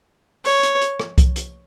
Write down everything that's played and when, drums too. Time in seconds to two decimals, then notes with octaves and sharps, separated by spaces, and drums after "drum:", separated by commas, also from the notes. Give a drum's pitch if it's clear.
0.45 C#5, drum: open hi-hat
0.63 drum: hi-hat
0.81 drum: hi-hat
1.00 drum: rim click
1.18 drum: kick C2, hi-hat
1.36 drum: hi-hat